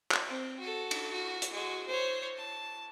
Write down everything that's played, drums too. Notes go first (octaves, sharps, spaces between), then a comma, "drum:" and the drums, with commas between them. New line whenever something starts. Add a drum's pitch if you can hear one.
drum: clap
C4
F#4 A4
drum: cymbal
F#4
drum: hi-hat
G#3 F#4
C5 C#5
A5